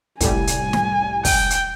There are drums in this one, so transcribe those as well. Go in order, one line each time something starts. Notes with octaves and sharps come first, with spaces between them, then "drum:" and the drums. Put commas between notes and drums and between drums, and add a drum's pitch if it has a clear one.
C2 A2 G3 G#5, drum: kick, hi-hat
drum: hi-hat
drum: snare
G5, drum: kick, open hi-hat
drum: hi-hat